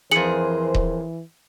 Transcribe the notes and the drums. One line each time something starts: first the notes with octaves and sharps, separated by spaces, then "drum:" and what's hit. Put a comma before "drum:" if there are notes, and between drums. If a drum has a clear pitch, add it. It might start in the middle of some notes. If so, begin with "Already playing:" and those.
F2 E3 G#4 A#4 C5 C#7 F#7
drum: kick D#1